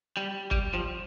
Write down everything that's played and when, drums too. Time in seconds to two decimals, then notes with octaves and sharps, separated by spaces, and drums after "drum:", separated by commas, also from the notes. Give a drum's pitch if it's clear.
0.17 G3
0.51 G3, drum: kick G1
0.74 F3